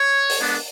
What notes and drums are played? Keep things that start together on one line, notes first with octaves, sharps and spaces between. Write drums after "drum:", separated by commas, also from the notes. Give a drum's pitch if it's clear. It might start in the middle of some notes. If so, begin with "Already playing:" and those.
Already playing: C#5
drum: open hi-hat
G#3 B3 D4